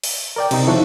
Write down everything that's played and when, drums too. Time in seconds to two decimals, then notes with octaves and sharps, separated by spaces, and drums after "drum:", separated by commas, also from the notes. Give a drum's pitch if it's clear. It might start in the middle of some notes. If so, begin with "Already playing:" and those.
0.04 drum: open hi-hat
0.36 A#4 D5 G5
0.51 C3 C4 D#4, drum: cymbal
0.67 D#3 F3 E4 A4 C#6 F#6